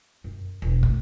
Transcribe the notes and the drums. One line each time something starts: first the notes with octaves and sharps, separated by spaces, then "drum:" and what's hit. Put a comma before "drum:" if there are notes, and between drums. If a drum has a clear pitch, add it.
F#2
E1
A3, drum: kick